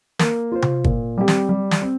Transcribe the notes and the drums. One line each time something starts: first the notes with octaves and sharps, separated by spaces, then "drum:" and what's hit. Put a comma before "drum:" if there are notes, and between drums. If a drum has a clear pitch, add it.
A#3, drum: snare
F4 C5
drum: tom C3
A#2, drum: kick
G3 C4 G4
drum: snare
G3
drum: snare
C4